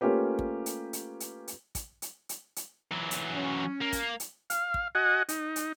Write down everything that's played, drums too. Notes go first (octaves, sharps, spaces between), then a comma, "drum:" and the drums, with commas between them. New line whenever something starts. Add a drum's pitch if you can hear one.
A3 A#3 C#4 F4 G4 B4
drum: kick
drum: hi-hat
drum: hi-hat
drum: hi-hat
drum: hi-hat
drum: kick, hi-hat
drum: hi-hat
drum: hi-hat
drum: hi-hat
E3 F#3
drum: hi-hat
C#4
A#3
drum: kick, hi-hat
drum: hi-hat
F5, drum: hi-hat
drum: kick
F#4 D#5 F#5 G#5
D#4, drum: hi-hat
drum: hi-hat